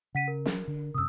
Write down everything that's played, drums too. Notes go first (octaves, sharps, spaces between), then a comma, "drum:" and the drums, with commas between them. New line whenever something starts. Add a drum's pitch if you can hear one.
C#3 F#5 B6 D#7
A#4
F#3, drum: snare
D3
F#2 C3 D#6 E6